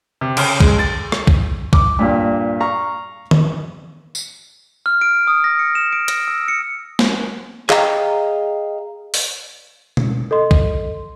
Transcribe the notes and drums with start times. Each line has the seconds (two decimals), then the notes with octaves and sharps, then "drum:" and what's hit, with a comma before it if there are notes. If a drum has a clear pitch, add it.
0.21 C3
0.37 C#3, drum: cymbal
0.60 G#3, drum: kick
0.79 A6
1.12 drum: rim click
1.27 drum: kick
1.73 D6, drum: kick
1.99 G2 A#2
2.60 F5 A#5 C#6
3.31 drum: tom D#3
4.15 drum: tambourine
4.86 F6
5.01 D7
5.27 D#6
5.44 A#6
5.59 C#7
5.75 E7
5.93 D7
6.08 A#6, drum: hi-hat
6.28 E6
6.48 C#7
6.99 drum: snare
7.70 G#4 D#5 F5 G5 A#5, drum: clap
9.14 drum: open hi-hat
9.97 drum: tom B2
10.31 A4 D#5 C6
10.51 drum: kick